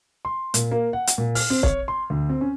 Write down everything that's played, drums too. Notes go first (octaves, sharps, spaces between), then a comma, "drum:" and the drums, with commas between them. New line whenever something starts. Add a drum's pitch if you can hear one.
C6
A#2, drum: hi-hat
A#3
F#5
drum: hi-hat
A#2
F6, drum: open hi-hat
C4
C#5, drum: kick
C6
D2
C4
C#4